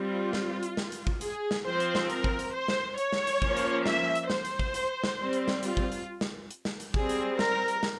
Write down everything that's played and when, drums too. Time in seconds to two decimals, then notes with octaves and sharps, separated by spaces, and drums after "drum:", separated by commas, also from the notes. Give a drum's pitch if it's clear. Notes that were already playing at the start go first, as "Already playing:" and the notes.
Already playing: G3 C4 F4
0.33 drum: snare
0.63 drum: hi-hat
0.77 drum: snare
0.92 drum: hi-hat
1.07 drum: kick G#1
1.21 G#4, drum: hi-hat
1.51 drum: snare
1.65 F3 C4 C5
1.80 drum: hi-hat
1.95 drum: snare
2.10 A#4, drum: hi-hat
2.24 drum: kick G#1
2.39 drum: hi-hat
2.54 C5
2.68 drum: snare
2.98 C#5, drum: hi-hat
3.12 drum: snare
3.27 drum: hi-hat
3.42 F3 A#3 C#4, drum: kick G#1
3.57 drum: hi-hat
3.86 E5, drum: snare
4.15 drum: hi-hat
4.30 C5, drum: snare
4.45 drum: hi-hat
4.59 drum: kick G#1
4.74 drum: hi-hat
5.04 drum: snare
5.18 G3 C4
5.33 drum: hi-hat
5.48 drum: snare
5.63 F4, drum: hi-hat
5.77 drum: kick G#1
5.92 drum: hi-hat
6.21 drum: snare
6.50 drum: hi-hat
6.65 drum: snare
6.80 drum: hi-hat
6.94 G3 C4 G#4, drum: kick G#1
7.09 drum: hi-hat
7.39 A#4, drum: snare
7.68 drum: hi-hat
7.83 drum: snare